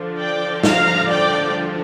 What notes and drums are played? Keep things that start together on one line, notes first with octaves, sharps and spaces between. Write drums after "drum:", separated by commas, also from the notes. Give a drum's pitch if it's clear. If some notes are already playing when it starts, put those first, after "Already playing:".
Already playing: D3 F3 D4
D5 G5
F5 A#5, drum: snare
D5 G5